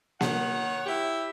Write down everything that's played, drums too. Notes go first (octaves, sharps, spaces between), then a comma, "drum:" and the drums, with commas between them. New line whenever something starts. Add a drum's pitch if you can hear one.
D#3 C#5 F#5, drum: snare A#3
E4 G4